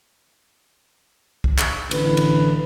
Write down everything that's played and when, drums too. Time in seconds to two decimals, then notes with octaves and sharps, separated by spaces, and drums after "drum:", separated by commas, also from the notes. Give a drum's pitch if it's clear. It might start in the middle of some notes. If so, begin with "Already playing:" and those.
1.44 drum: kick C2
1.58 drum: clap
1.91 A1 D3 E3 B4, drum: cymbal
2.17 drum: cymbal